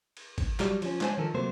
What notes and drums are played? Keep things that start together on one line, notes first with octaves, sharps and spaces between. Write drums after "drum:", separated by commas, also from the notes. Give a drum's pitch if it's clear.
drum: cymbal
drum: kick, cymbal
F#3 G3, drum: clap
F3 C#4, drum: cymbal
G#3 D4 C5 C#5 G5 G#5, drum: clap
D#3 F3 A4 A#4
C3 F#3 A3 A#3 C5